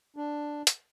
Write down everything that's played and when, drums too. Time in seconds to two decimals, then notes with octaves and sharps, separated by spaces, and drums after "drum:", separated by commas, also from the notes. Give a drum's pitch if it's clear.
0.16 D4
0.67 drum: hi-hat